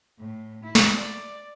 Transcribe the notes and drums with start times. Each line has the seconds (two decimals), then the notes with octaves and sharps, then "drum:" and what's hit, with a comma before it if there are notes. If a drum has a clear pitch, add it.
0.19 A2
0.63 E4
0.75 drum: snare
0.95 D5